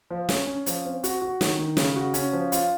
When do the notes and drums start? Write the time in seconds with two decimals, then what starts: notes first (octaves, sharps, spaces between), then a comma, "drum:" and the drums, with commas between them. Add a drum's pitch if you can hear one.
0.10 F3
0.29 C#4, drum: snare
0.47 C#4
0.66 F3, drum: hi-hat
0.85 C4
1.04 F#4, drum: hi-hat
1.22 F#4
1.41 D#3, drum: snare
1.59 D#3
1.77 C#3, drum: snare
1.96 F#4
2.14 C#4, drum: hi-hat
2.33 F3
2.52 F4, drum: hi-hat